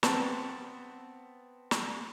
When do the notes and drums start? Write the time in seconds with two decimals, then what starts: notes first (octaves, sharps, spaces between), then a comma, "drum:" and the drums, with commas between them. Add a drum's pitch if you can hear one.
0.03 B3 C4 A5, drum: snare
1.71 drum: snare